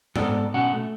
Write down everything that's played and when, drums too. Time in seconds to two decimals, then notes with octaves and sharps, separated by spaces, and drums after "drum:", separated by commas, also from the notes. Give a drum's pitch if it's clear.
0.16 G#2 B3 A4 D5, drum: tom G#2
0.54 B2 C#4 F#5
0.73 A3